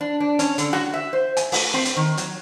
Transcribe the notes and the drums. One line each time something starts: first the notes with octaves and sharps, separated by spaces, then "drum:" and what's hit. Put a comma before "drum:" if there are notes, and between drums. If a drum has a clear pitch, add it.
D4
D4
C#4, drum: hi-hat
D3, drum: hi-hat
F#4, drum: rim click
E5
C5
G#5, drum: hi-hat
A3, drum: open hi-hat
C4
drum: hi-hat
D#3
F#3, drum: hi-hat